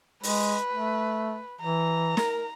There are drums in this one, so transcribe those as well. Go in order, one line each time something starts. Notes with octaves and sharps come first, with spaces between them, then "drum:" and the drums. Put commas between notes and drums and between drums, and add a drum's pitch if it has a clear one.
G#3 B4, drum: open hi-hat
A3
E3 A#5
A#4, drum: snare